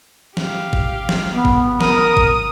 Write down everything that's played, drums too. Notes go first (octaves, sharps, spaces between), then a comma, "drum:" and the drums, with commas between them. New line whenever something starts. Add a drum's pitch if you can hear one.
G4 F5, drum: snare
drum: kick G1
drum: snare
B3
drum: kick G1
A#4 D#6, drum: snare
drum: kick G1